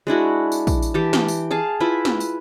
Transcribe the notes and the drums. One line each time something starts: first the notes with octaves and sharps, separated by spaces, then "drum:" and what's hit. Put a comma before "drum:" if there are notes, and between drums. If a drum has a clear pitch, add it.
G#3 D4 E4 F#4
drum: tambourine
drum: kick, tambourine
drum: tambourine
E3 G4 A5
G5, drum: snare
drum: tambourine
G#4 F5 A5
E4 F4 B4 E5
drum: snare
drum: tambourine